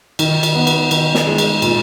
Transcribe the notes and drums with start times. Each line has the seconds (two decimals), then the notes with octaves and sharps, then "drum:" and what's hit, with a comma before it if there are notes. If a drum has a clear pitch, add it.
0.19 D#3, drum: cymbal
0.43 drum: cymbal
0.55 B3
0.67 drum: cymbal
0.91 D#3, drum: cymbal
1.15 drum: snare
1.27 G#3
1.38 drum: cymbal
1.62 A#2, drum: cymbal